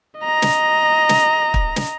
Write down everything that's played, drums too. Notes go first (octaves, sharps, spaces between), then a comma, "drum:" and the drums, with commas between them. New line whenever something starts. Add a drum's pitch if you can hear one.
D#5 A#5
drum: snare
drum: snare
drum: kick
drum: snare